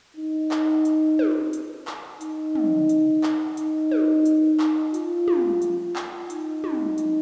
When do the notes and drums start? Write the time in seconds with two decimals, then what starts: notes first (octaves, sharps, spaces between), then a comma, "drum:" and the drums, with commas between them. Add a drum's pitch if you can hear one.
0.17 D#4
0.51 drum: clap
0.85 drum: hi-hat
1.19 drum: tom
1.53 drum: hi-hat
1.87 drum: clap
2.21 D#4, drum: hi-hat
2.55 drum: tom
2.89 drum: hi-hat
3.23 drum: clap
3.57 D#4, drum: hi-hat
3.91 drum: tom
4.26 drum: hi-hat
4.60 drum: clap
4.94 F4, drum: hi-hat
5.28 drum: tom
5.62 drum: hi-hat
5.96 drum: clap
6.30 D#4, drum: hi-hat
6.64 drum: tom
6.98 drum: hi-hat